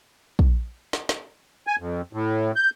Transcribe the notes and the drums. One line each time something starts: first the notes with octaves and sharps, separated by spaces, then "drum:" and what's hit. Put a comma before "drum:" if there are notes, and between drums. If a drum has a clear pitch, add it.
drum: kick A#1
drum: snare
drum: snare
G#5
F2
A2
G6